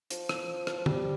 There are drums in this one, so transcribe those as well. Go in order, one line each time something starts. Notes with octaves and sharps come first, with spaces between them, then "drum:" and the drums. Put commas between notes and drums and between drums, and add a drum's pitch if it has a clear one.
F3, drum: hi-hat
drum: rim click
drum: rim click
F3
G3, drum: tom